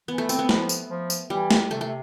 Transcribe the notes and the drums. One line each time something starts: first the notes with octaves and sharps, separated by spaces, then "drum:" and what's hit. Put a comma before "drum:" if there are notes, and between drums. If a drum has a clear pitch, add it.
E3 B3
A3
C4, drum: tambourine
B3
F3, drum: snare
drum: tambourine
F3
drum: tambourine
E3 G3
drum: snare
C3 A3
A3